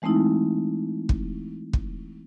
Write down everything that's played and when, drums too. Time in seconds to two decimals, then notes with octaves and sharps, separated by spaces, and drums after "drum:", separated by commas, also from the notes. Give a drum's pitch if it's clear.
0.02 E3 G#3 A3 C4 D#4 E4
1.09 drum: kick
1.73 drum: kick